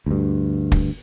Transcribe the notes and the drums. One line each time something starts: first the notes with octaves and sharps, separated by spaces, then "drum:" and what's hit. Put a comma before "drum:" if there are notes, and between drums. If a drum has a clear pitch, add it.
D2 G2
drum: kick